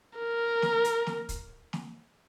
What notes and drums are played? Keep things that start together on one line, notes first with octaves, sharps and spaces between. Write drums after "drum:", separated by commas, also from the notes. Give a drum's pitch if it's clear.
A#4
drum: snare
drum: hi-hat
drum: snare
drum: kick, hi-hat
drum: snare